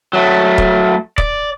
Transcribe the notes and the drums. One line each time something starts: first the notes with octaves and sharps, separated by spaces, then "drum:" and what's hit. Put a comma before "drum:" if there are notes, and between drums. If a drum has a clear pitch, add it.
F#3 A3
drum: kick
D5, drum: kick